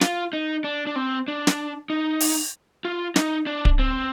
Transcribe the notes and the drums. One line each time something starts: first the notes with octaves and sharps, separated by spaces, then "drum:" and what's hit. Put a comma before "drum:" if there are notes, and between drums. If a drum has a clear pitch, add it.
F4, drum: snare
D#4
D4
D4
C4
D4
drum: snare
D#4
drum: open hi-hat
F4
D#4, drum: snare
D4
drum: kick D1
C4